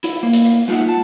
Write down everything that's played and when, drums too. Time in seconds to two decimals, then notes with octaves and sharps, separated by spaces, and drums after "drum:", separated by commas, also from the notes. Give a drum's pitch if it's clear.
0.04 E4, drum: hi-hat
0.23 A#3
0.33 drum: hi-hat
0.68 G#3 D#4 F4 D5 E5 F#5
0.89 A5